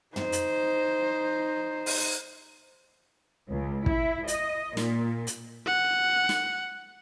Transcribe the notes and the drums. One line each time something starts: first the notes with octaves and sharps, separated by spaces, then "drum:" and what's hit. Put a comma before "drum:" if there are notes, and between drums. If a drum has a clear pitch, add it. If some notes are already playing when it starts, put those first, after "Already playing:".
D#4 C5, drum: tom
drum: hi-hat
drum: open hi-hat
C#2
E4, drum: kick
D#5, drum: hi-hat
A#2, drum: snare
drum: hi-hat
F#5
drum: snare